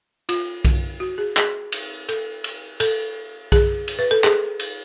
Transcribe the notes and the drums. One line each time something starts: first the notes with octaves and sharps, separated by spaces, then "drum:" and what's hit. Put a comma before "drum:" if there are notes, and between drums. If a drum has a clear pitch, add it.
F4, drum: cymbal
drum: kick B1, cymbal
F#4
G#4
G#4, drum: clap
drum: cymbal
A4, drum: cymbal
drum: cymbal
A4, drum: cymbal
G#4, drum: kick B1, cymbal
drum: cymbal
B4
A4
G#4, drum: clap
drum: cymbal